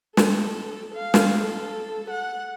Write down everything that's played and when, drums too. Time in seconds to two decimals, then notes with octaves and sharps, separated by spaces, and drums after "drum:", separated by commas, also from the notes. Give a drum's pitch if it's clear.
0.17 A4, drum: snare
0.95 F5
1.14 drum: snare
1.40 A4
2.10 F#5